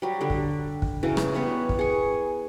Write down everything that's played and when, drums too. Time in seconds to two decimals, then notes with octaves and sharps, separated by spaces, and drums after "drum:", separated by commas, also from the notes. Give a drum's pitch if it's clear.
0.02 F#3 G3
0.21 D3 G3
0.30 drum: kick
0.82 drum: kick
1.03 C#3 E3 F#3
1.17 drum: rim click
1.34 G3 B3 C#5
1.69 drum: kick
1.79 G#4 C#6